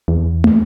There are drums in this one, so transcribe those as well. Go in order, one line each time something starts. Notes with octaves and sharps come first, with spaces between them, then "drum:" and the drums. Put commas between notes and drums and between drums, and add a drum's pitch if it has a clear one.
E2
drum: tom